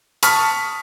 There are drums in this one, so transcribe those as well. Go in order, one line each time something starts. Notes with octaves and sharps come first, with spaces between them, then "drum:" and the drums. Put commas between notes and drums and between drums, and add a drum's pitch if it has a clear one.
A5 C#6 D#6 F6 B6, drum: hi-hat